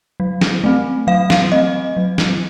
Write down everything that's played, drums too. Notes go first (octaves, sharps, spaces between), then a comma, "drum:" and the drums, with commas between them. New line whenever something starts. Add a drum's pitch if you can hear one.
F#3
drum: snare
A3 C4
F#3 F5
F5, drum: snare
A3 C4 D#5
F#3
drum: snare